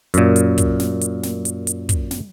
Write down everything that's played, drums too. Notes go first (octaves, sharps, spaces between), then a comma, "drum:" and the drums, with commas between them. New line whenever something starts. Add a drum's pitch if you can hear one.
F#2 A#2, drum: hi-hat
drum: hi-hat
drum: kick, hi-hat
drum: snare
drum: hi-hat
drum: snare
drum: hi-hat
drum: hi-hat
drum: kick, hi-hat
drum: snare